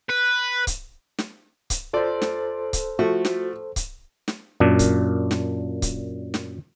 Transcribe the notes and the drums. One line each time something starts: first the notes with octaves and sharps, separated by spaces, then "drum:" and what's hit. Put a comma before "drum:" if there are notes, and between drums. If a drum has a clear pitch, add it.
B4
drum: kick C#1, hi-hat
drum: snare
drum: kick C#1, hi-hat
F4 A4 C5 D5
drum: snare
drum: kick C#1, hi-hat
F3 A3 F#4
drum: snare
drum: kick C#1, hi-hat
drum: snare
F#2 A#2 D4
drum: kick C#1, hi-hat
drum: snare
drum: kick C#1, hi-hat
drum: snare